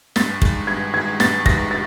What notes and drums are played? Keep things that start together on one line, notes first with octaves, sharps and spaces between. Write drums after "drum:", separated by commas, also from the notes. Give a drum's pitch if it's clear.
G2 A6, drum: snare
D#3 G#3, drum: kick
G2 G#6
D#3 G#3 G#6
G2 A6, drum: snare
D#3 G#3 A#6, drum: kick
A6